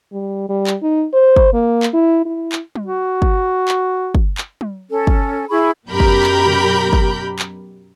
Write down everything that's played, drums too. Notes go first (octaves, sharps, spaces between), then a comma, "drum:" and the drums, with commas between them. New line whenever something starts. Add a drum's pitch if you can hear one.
G3
G3
drum: clap
D#4
C5
drum: kick
A#3
drum: clap
E4
E4
drum: clap
drum: tom
F#4
drum: kick
drum: clap
drum: kick
drum: clap
drum: tom
C#4 A4
drum: kick
E4 G#4 B5 C#6
F#2 B2 G4 A#4 B5 G6
drum: kick
drum: clap
drum: tom
drum: kick
drum: clap